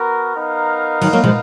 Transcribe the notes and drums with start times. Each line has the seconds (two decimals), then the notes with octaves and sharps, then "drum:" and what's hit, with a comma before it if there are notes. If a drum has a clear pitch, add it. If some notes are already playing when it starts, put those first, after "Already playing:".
Already playing: B3 F#4 A#4
0.36 B3 D#4 A#4 F5
1.01 D#3 F#3, drum: cymbal
1.13 F#3 A#3
1.24 F3 G#3, drum: tom